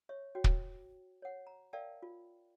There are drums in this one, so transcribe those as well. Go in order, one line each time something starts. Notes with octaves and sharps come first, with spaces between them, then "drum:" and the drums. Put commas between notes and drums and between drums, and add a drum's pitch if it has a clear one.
C#5 E5 C#6
F#4 C#5 G5
drum: kick
C#5 F#5
A#5
A#4 D5 E5 F5 G5 A5
F4